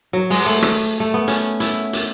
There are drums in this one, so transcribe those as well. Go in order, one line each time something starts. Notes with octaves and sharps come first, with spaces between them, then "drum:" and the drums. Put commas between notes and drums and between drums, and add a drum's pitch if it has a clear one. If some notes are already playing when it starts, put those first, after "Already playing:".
F#3
G#3, drum: open hi-hat
A3
drum: rim click
A3
B3
C#4, drum: hi-hat
E4, drum: hi-hat
drum: hi-hat